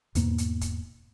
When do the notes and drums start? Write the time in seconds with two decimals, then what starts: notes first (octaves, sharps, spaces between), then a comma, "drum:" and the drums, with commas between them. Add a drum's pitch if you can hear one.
0.15 E2 G#2 B2 A#3, drum: hi-hat
0.38 drum: hi-hat
0.61 drum: kick, hi-hat